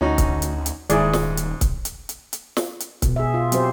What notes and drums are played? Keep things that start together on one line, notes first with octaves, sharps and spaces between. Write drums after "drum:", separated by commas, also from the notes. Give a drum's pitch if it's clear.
D2 C#4 D#4 F#4
drum: kick C#1, hi-hat
drum: hi-hat
drum: hi-hat
D#1 G#2 D#3 E4 G#4 D5, drum: hi-hat
drum: snare
drum: hi-hat
drum: kick C#1, hi-hat
drum: hi-hat
drum: hi-hat
drum: hi-hat
drum: snare
drum: hi-hat
B2, drum: kick C#1, hi-hat
G#4 E5
F4
F#3 C4 G4 C5, drum: hi-hat